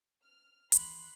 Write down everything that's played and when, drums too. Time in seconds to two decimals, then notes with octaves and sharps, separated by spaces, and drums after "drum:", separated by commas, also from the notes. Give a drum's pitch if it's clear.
0.24 F6
0.72 D#2 E3 B5 C6 F#6, drum: hi-hat